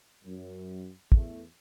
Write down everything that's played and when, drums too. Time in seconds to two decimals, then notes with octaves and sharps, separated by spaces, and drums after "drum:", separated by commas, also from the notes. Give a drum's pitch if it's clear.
0.24 F#2
1.12 E2 A3, drum: kick